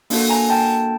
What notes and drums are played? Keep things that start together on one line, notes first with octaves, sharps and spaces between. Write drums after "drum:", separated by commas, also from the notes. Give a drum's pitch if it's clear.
A#3 D4 F#4 A4, drum: open hi-hat
G#5 A#5
G5 A5